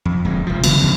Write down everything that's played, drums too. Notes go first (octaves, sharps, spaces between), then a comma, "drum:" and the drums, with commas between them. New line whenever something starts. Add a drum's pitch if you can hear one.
F2
D1 F2 G#3
F1 F3
C#3 F3 F#3 B3, drum: cymbal
C#3 F3 B3